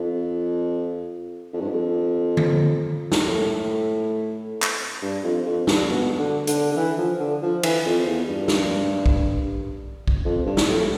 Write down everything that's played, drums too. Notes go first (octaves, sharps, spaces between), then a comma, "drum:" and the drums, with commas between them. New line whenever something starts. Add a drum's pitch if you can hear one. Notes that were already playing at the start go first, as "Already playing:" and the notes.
Already playing: F2
F2
G2
F2
drum: tom D3
drum: snare
A2
drum: clap
G2
F2
F2
G2, drum: snare
B2
D3
D3, drum: hi-hat
D3
E3
F3
D3
F3
E3, drum: cymbal
F2
E2
G2
drum: snare
drum: kick
drum: kick
F2
G2
drum: snare
A2